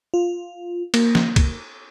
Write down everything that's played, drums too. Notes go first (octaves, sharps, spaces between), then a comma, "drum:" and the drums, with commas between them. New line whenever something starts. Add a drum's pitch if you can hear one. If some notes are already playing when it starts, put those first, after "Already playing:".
F4
A#3, drum: cymbal
drum: snare
drum: kick, cymbal